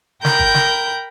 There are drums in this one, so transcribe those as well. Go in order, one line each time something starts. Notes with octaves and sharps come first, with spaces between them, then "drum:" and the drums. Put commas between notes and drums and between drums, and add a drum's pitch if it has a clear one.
A#4 G5 A#5 B5 G6, drum: snare
drum: kick G1
drum: snare